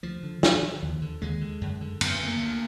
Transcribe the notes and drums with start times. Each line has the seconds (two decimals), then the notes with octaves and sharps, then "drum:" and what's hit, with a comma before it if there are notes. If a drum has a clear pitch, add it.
0.03 D2 F3
0.23 D3
0.43 D2, drum: snare
0.62 D3
0.82 D#2
1.02 D3
1.22 D#2 G#3
1.41 D3
1.61 F#2
1.81 D3
2.01 F#2 B3, drum: cymbal
2.14 B3
2.21 D3
2.27 A#3
2.40 D2